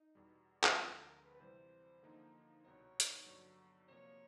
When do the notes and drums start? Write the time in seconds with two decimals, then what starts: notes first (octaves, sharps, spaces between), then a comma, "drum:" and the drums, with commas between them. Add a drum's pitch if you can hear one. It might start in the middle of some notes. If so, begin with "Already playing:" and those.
Already playing: D#4
0.15 E2 B2 G3
0.64 drum: clap
0.77 D2 D3 F3 G#3 C4 E4
0.92 A4
1.09 A#4
1.24 B4
1.35 B4
1.40 C3 E3 G3 C5
2.02 D3 F3 A#3 D#4
2.64 C2 B2 G3 B3 D#4 C#5
3.00 drum: hi-hat
3.26 G2 D3 F#3
3.89 C3 F3 A#3 C#5